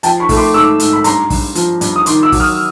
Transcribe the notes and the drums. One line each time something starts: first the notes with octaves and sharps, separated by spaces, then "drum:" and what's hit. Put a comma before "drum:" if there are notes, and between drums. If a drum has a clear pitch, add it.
F3 G5 A5, drum: hi-hat
B5 C#6
A3, drum: kick, open hi-hat
C6 D6
G#2 D6 E6
G#2, drum: hi-hat
B5
G2 A#5 C6, drum: hi-hat
G2, drum: kick, open hi-hat
F3, drum: hi-hat
G2, drum: hi-hat
D#6
D#3 C6 D6, drum: hi-hat
D6 E6
F#3, drum: kick, open hi-hat
D#6 F6